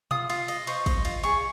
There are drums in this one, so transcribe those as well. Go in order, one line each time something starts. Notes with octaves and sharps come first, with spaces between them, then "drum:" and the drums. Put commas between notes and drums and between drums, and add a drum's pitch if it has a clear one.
F4 D#6, drum: tom B2
F4, drum: cymbal
D#5, drum: cymbal
C5 C#6, drum: cymbal
D#5, drum: kick, cymbal
F4, drum: cymbal
G#4 C#6, drum: cymbal